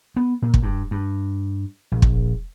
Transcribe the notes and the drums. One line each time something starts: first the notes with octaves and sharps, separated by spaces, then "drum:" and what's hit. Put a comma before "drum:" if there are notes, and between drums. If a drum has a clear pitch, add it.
B3
A#2
drum: kick
G2
G2
A#1
drum: kick